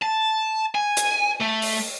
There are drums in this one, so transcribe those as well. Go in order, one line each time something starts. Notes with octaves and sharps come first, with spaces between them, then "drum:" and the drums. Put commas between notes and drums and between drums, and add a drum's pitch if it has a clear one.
A5
G#5
drum: hi-hat
A3
drum: open hi-hat